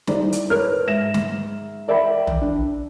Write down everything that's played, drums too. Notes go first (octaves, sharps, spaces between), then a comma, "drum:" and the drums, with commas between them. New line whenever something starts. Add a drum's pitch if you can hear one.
G3 D#4 E4 C5 D5, drum: snare
drum: hi-hat
A#4 B4 C#5 F6
G#2 E5 A#6 E7
drum: snare
A#4 D5 E5 G5 B5
drum: tom
D4